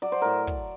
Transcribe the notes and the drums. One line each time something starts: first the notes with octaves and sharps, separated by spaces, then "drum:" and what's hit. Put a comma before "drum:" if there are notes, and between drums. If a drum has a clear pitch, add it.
F#3 D5, drum: hi-hat
C5
A2 A#4
drum: kick, hi-hat